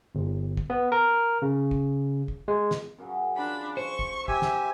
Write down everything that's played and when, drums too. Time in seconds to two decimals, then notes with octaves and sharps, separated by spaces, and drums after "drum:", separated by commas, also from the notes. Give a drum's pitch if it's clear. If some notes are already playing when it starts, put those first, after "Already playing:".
0.15 G1
0.57 drum: kick
0.70 B3
0.92 A#4
1.42 C#3
1.71 drum: kick
2.28 drum: kick
2.48 G#3
2.71 drum: snare
2.98 F#2 C#3 F#3
3.36 F3 D4 B5
3.77 C5 C#6
3.99 drum: kick
4.28 G4 E5 G#5, drum: kick
4.42 drum: snare